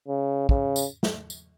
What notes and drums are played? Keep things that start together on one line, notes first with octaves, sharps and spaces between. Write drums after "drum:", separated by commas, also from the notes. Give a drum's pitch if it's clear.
C#3
C#3, drum: kick
drum: tambourine
drum: snare
drum: tambourine